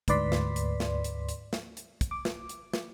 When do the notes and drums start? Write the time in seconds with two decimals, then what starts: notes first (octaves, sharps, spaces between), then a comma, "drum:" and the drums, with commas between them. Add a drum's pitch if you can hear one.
0.08 D2 G#2 B4 D5 C6 B6, drum: kick, hi-hat
0.32 drum: snare
0.56 drum: hi-hat
0.80 drum: snare
1.04 drum: hi-hat
1.29 drum: hi-hat
1.53 drum: snare
1.77 drum: hi-hat
2.01 drum: kick, hi-hat
2.11 D6
2.25 drum: snare
2.49 drum: hi-hat
2.73 drum: snare